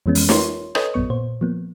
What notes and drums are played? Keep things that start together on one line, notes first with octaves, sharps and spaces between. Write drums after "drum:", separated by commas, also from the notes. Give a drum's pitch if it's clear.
F2 E3 G#3 B3 C#4
drum: open hi-hat
D#4 F4 A#4 C#5 C6, drum: snare
A4 B4 C#5 D#5 D#6, drum: rim click
A#1 F#2 B3 C#6
A#2 C5
F3 A#3 B3